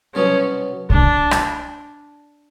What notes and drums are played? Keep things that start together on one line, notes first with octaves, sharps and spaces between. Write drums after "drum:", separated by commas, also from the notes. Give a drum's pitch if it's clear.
C2 B2 F#3 B3 C#4
D4, drum: kick B1
drum: rim click